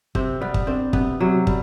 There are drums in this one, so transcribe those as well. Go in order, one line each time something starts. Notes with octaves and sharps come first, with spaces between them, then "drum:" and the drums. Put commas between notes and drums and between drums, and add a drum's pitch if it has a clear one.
C3 C4, drum: kick
G3 B3
drum: kick
C4 D4
C3 B3, drum: kick
C3 F#3
G3, drum: kick